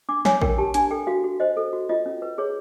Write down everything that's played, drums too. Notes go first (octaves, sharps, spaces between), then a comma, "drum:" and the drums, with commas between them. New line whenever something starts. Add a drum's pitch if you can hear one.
D4 D6
C#5 G#5, drum: snare
A#4 G5, drum: kick A1
G4 A5
D4 G#5, drum: hi-hat
A4 G5
F#4 F5
F#4
C5 D#5
A4
F#4
F4 D#5
C#4
B4
G#4 C#5